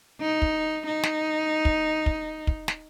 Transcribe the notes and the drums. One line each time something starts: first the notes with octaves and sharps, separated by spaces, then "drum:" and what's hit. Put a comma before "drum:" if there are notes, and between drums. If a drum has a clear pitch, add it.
D#4
drum: kick
D#4
drum: snare
drum: kick
drum: kick
drum: kick
drum: snare